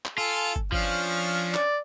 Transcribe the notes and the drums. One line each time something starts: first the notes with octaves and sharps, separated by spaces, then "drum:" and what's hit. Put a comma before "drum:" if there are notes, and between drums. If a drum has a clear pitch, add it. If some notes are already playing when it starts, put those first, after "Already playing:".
drum: clap
F4 A4 G#5
drum: kick
F3 C#4 D4 F5, drum: kick
D5, drum: clap